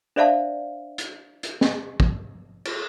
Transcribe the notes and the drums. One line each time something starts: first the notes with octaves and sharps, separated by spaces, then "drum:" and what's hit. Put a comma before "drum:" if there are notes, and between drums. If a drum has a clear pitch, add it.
D4 C5 D5 E5 F5 A5
drum: hi-hat
drum: hi-hat
drum: snare
drum: kick
drum: cymbal